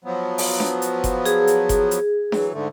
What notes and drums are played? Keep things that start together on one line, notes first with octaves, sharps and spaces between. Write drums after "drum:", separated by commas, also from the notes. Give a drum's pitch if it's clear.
F3 F#3 B3
drum: open hi-hat
drum: snare D4
drum: hi-hat
drum: kick F#1, hi-hat
G#4, drum: hi-hat
drum: hi-hat
drum: kick F#1, hi-hat
drum: hi-hat
E3 F#3, drum: snare D4
G#2 D3 A3